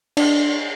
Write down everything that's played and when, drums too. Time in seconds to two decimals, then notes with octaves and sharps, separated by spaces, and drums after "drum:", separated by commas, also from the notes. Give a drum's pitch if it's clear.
0.17 D4, drum: cymbal